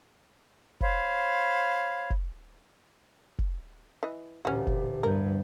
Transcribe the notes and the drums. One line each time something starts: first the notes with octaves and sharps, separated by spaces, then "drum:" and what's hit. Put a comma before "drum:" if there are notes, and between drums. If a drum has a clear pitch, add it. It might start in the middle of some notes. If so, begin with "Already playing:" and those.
C5 C#5 F5 B5, drum: kick
drum: kick
drum: kick
E3 D#5
A1 D2 A#2 C#4 F#4 G4
drum: kick
G2 B3 A#4 G6